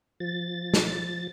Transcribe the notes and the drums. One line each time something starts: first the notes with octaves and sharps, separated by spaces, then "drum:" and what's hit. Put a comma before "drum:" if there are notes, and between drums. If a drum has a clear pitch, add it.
F3 A6
drum: snare